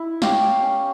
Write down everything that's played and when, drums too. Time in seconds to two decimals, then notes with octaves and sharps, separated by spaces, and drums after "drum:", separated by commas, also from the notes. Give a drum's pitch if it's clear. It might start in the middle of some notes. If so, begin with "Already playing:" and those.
Already playing: E4
0.22 G4 C#5 F5, drum: snare
0.62 C#4